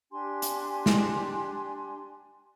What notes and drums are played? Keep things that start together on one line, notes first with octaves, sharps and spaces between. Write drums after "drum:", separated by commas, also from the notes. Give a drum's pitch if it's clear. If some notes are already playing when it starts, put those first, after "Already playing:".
D4 G4 G#5 C6
drum: hi-hat
drum: snare